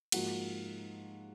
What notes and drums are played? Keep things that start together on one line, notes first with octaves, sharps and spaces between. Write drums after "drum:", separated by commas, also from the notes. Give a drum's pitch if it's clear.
G#2 F3 A#3 F#4, drum: cymbal